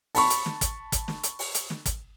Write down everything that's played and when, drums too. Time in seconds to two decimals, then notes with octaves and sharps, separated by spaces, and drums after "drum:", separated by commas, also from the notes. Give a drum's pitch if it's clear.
0.15 A5 B5 C#6, drum: open hi-hat
0.30 drum: hi-hat
0.46 drum: snare
0.61 drum: kick, hi-hat
0.92 drum: kick, hi-hat
1.08 drum: snare
1.23 drum: hi-hat
1.39 drum: open hi-hat
1.54 drum: hi-hat
1.70 drum: snare
1.86 drum: kick, hi-hat